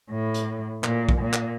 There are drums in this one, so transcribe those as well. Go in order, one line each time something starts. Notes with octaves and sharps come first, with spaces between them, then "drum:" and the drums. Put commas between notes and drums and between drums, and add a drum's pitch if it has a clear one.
A2
drum: hi-hat
A#2, drum: clap
drum: kick
A#2
drum: clap